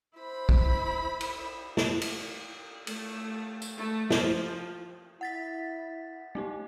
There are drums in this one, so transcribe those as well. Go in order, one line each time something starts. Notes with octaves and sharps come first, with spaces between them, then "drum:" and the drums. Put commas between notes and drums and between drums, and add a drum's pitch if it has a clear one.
E4 C5 B5
drum: kick
drum: cymbal
drum: snare
drum: cymbal
A3, drum: cymbal
drum: tambourine
A3
F3, drum: snare
E4 F#5 A6 B6
A3 D#4 G4